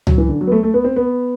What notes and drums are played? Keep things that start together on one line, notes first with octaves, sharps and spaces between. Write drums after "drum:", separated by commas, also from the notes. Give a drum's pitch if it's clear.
F#3, drum: tom C#2
E3
D3
F#3
B3
A3
A3
B3
C4
B3